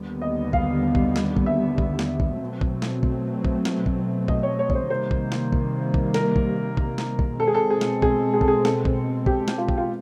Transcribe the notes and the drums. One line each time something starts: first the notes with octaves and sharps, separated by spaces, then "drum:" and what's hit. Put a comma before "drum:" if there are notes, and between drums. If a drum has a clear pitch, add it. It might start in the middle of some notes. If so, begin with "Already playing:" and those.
Already playing: D#2 D3 G3 B3
D#5
F5, drum: kick A#1
drum: kick A#1
drum: snare
drum: kick A#1
E5
drum: kick A#1
drum: snare
drum: kick A#1
B2 F#3 A3 C4
drum: kick A#1
drum: snare
drum: kick A#1
drum: kick A#1
drum: snare
drum: kick A#1
D#5, drum: kick A#1
C#5
C#5
C#5, drum: kick A#1
C5
C3 D#3 G3 A#3 C5
drum: kick A#1
drum: snare
drum: kick A#1
drum: kick A#1
A#4, drum: snare
drum: kick A#1
drum: kick A#1
drum: snare
drum: kick A#1
B2 G#3 C4 A4
G#4
A4
G#4
drum: snare
G#4, drum: kick A#1
G#4
A4, drum: kick A#1
G#4
A4, drum: snare
drum: kick A#1
G4, drum: kick A#1
drum: snare
F4
drum: kick A#1
F4